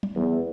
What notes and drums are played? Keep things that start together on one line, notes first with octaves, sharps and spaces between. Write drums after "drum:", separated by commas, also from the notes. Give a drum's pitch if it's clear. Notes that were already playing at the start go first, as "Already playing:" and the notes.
drum: tom F#3
E2